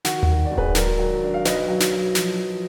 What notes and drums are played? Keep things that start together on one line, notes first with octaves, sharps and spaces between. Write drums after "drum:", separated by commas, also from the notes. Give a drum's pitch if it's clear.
D#3 F#4, drum: snare
F#4, drum: tom D#2
D#3
D5
G#1
G#4 B4, drum: kick D1
F#3 A#4 D5, drum: snare
F#3
D4
F5
B1 B4 D#5, drum: snare
F#3
drum: snare
F#3
F3, drum: snare
F3